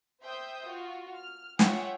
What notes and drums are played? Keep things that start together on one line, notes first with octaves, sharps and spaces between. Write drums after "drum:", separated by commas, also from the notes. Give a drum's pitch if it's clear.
C5 E5 G5 C6 D#6 G6
F4 F#4
F6
F4 G#4 C#5 E5 F#5 G5, drum: snare